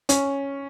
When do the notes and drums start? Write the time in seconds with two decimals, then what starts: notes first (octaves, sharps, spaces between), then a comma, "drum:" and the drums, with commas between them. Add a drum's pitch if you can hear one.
0.09 C#4, drum: hi-hat